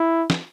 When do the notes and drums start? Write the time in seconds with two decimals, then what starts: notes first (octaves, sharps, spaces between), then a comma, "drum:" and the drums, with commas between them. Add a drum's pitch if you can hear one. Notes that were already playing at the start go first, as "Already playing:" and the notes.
Already playing: E4
0.30 drum: snare